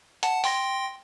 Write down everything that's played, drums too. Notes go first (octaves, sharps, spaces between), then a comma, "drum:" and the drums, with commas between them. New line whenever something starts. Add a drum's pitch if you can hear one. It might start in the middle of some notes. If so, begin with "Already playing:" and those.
F#5 A5, drum: hi-hat
G5 C6 A#6, drum: open hi-hat